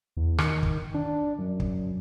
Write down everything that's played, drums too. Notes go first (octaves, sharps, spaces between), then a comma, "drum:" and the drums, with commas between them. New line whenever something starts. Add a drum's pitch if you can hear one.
E2
D#3, drum: rim click
drum: kick
D4
F#2
drum: kick